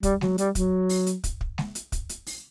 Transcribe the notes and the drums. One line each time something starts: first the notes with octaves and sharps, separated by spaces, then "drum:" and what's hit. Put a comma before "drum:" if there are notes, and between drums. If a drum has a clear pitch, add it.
G3, drum: kick, hi-hat
F#3, drum: snare G#3
G3, drum: hi-hat
F#3, drum: kick, hi-hat
drum: open hi-hat
drum: hi-hat
drum: kick, hi-hat
drum: kick
drum: snare G#3
drum: hi-hat
drum: kick, hi-hat
drum: hi-hat
drum: open hi-hat